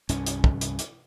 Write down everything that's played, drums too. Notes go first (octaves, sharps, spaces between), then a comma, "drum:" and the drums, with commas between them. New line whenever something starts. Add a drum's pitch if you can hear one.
C2 G2 C#4, drum: hi-hat
drum: hi-hat
drum: kick
drum: hi-hat
drum: hi-hat